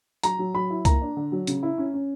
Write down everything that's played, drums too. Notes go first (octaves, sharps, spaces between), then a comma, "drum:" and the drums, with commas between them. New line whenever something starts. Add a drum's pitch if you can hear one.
F#3 A#5, drum: hi-hat
F#3
F#3 B5
E4
A#3 A#5, drum: kick C2, hi-hat
D4
D3
F#3
C#3, drum: hi-hat
E4
C#4
C#4